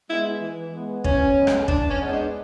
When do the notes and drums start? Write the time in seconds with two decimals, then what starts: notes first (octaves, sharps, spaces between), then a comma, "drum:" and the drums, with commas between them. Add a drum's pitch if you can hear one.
0.09 G#3 B3 E4
0.41 E3
0.72 G#3 B3
1.04 E3 C#4, drum: kick
1.36 G#3 B3
1.47 drum: rim click
1.68 E3 D4, drum: kick
1.90 C#4
2.00 G#3 B3
2.06 D#4
2.11 D4